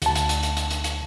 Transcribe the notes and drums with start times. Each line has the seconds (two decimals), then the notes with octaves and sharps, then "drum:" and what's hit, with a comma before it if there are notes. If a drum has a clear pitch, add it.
0.02 D2 A5, drum: hi-hat
0.15 drum: hi-hat
0.29 drum: hi-hat
0.43 drum: hi-hat
0.57 drum: hi-hat
0.70 drum: hi-hat
0.84 drum: hi-hat